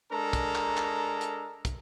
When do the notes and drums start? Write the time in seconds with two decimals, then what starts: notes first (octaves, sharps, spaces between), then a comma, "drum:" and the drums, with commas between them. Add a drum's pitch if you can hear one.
0.11 G#3 D4 A4 A#4 A#5
0.33 drum: kick, hi-hat
0.55 drum: clap
0.77 drum: clap
1.21 drum: hi-hat
1.65 drum: kick, hi-hat